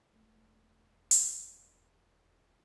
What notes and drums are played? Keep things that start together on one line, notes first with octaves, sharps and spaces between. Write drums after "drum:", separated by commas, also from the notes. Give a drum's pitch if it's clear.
E1 A3
drum: hi-hat